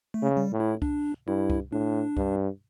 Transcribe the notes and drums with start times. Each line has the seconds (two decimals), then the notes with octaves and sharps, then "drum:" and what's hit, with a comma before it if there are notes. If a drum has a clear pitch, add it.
0.14 A3
0.22 C#3
0.37 G3
0.53 A2
0.60 E4
0.82 D4, drum: kick C2
1.27 G2 E4
1.50 drum: kick C2
1.72 A2 D4
2.17 G2, drum: kick C2